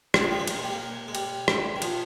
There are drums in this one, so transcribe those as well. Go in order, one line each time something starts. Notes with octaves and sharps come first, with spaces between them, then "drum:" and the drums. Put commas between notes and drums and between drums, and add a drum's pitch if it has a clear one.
D#3, drum: rim click
F3
G3
G#3
A#3, drum: cymbal
G#3
G3
A#3
G#3
G3, drum: cymbal
drum: rim click
D#3
F3, drum: cymbal